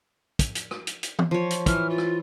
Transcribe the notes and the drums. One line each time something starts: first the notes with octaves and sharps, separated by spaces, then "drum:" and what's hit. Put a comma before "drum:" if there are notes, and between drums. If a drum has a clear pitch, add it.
drum: kick, hi-hat
drum: hi-hat
drum: rim click
drum: hi-hat
drum: hi-hat
drum: tom E3
F3 C#5
drum: hi-hat
E3 F6, drum: kick, hi-hat
F4
drum: rim click